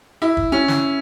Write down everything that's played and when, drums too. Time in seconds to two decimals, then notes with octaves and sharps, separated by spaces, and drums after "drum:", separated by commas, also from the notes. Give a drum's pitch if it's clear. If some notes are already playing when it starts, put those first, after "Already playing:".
0.22 E4
0.37 drum: kick
0.52 C#4
0.68 drum: snare